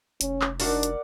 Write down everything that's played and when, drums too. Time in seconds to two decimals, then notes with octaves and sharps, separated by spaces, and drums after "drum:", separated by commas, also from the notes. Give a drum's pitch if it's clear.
0.21 F1 C#4, drum: hi-hat
0.41 drum: clap
0.60 D4 D#4 F#4 A#4 D5 F#5, drum: open hi-hat
0.83 drum: hi-hat